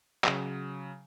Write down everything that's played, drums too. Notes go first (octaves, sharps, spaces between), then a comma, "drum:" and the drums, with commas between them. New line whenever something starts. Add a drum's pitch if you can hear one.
C#3 F#3, drum: clap